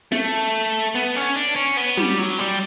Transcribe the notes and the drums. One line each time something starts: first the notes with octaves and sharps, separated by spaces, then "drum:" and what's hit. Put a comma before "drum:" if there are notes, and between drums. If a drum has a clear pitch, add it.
A3, drum: snare
drum: hi-hat
B3
C#4
D4
C#4
B3, drum: cymbal
G3, drum: tom
F#3
G3